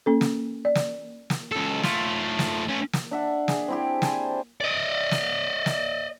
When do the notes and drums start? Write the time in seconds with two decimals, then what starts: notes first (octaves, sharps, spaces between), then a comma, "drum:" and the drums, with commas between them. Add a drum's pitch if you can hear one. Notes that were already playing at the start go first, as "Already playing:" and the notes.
0.06 A#3 C#4 A4
0.21 drum: snare
0.65 D5
0.75 drum: snare
1.30 drum: snare
1.52 C#2 A4
1.83 A3 F4, drum: snare
2.39 drum: snare
2.68 A3 C#4
2.93 drum: snare
3.11 D4 E5 F#5
3.48 G#4, drum: snare
3.68 C4 E4 G4
4.02 C5 G#5 A5, drum: snare
4.61 D5 D#5
5.11 drum: snare
5.66 drum: snare